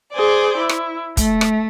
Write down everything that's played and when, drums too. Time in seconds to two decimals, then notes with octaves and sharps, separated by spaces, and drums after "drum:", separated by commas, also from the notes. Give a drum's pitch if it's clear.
0.13 G#4 C5 D5
0.58 E4
0.69 drum: rim click
1.17 A3, drum: kick, hi-hat
1.41 drum: rim click